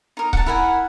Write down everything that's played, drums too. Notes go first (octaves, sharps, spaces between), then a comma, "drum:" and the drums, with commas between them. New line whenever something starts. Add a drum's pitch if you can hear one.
D#4 A#4
F#5 A5, drum: kick C#1
E4 A#4 F#5 G#5